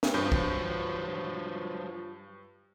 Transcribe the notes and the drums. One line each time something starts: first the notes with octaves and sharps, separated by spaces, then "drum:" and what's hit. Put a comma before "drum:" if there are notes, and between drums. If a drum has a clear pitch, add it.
drum: snare
G2 F#3 F4 C5 G6
drum: kick